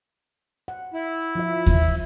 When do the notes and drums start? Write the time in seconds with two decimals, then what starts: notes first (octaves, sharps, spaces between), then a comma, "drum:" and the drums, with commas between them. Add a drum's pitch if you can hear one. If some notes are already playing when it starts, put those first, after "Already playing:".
0.68 F#5
0.94 E4
1.35 F3 F4 E5
1.66 drum: kick D#2